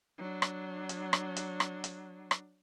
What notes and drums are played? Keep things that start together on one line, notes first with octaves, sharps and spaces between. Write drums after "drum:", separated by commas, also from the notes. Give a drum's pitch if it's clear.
F#3 D4
drum: rim click
drum: hi-hat
drum: rim click
drum: hi-hat
drum: rim click
drum: hi-hat
drum: rim click